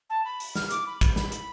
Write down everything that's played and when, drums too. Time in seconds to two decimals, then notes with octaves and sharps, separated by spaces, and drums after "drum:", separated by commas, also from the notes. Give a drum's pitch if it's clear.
0.10 A5
0.25 B5
0.40 drum: open hi-hat
0.55 F6, drum: snare
0.71 D6, drum: hi-hat
0.87 B5
1.01 drum: kick, hi-hat
1.16 B5, drum: snare
1.32 drum: hi-hat